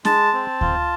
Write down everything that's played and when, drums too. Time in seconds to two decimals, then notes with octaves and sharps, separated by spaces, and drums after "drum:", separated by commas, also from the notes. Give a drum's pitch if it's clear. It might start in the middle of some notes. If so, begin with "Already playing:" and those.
0.05 G#3 A5, drum: snare
0.33 C4
0.61 F4, drum: kick D2